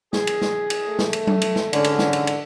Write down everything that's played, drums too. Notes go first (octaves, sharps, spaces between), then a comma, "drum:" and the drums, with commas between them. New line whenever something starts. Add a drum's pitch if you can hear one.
G#4, drum: snare
drum: cymbal
drum: snare
drum: cymbal
A3
drum: snare
drum: cymbal
drum: tom F#3
drum: cymbal
drum: snare
G#2 D3 C#4, drum: cymbal
drum: cymbal
drum: snare
drum: cymbal
drum: cymbal